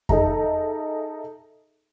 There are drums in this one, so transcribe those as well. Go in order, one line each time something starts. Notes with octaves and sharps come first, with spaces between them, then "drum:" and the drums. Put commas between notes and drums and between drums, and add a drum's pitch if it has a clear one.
D#4 G#4 A4 E5 A#5, drum: kick F2